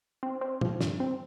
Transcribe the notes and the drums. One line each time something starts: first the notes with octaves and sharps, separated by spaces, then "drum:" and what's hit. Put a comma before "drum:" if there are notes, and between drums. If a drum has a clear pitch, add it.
C4
C4
F3, drum: tom
G2, drum: snare
C4